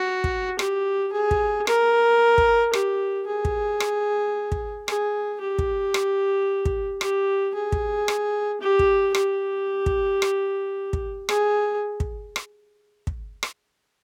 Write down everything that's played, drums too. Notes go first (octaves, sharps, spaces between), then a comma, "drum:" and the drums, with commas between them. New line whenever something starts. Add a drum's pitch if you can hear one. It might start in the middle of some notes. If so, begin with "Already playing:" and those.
Already playing: F#4
drum: kick
G4, drum: rim click
G#4
drum: kick
A#4, drum: rim click
drum: kick
G4, drum: rim click
G#4
drum: kick
drum: rim click
drum: kick
G#4, drum: rim click
G4
drum: kick
drum: rim click
drum: kick
G4, drum: rim click
G#4
drum: kick
drum: rim click
G4
drum: kick
G4, drum: rim click
drum: kick
drum: rim click
drum: kick
G#4, drum: rim click
drum: kick
drum: rim click
drum: kick
drum: rim click